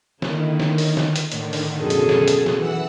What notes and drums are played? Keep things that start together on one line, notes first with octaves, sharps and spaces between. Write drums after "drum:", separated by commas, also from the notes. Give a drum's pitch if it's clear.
D3 D#3 A#3 E4, drum: snare
drum: snare
drum: open hi-hat
drum: snare
drum: hi-hat
A2 D3 D#3, drum: hi-hat
drum: open hi-hat
F#2 B2 G#4 A4
drum: hi-hat
drum: snare
drum: hi-hat
drum: snare
E3 F#5 E6